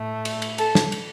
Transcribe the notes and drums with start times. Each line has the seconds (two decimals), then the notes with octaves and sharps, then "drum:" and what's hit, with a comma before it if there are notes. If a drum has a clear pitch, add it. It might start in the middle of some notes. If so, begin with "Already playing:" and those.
Already playing: A2 A3
0.25 drum: cymbal
0.42 drum: cymbal
0.58 A4, drum: cymbal
0.75 drum: snare
0.92 drum: cymbal